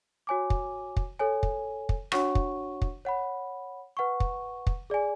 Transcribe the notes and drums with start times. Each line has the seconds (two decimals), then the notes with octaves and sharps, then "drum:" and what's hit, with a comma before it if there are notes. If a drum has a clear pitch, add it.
0.27 F#4 C#5 G#5 D6
0.50 drum: kick
0.97 drum: kick
1.20 A4 C#5 G#5
1.43 drum: kick
1.89 drum: kick
2.12 D4 F#4 C#5 F#5 C#6, drum: rim click
2.35 drum: kick
2.82 drum: kick
3.05 C#5 F#5 B5
3.97 B4 F#5 C#6
4.20 drum: kick
4.67 drum: kick
4.90 G#4 D5 G#5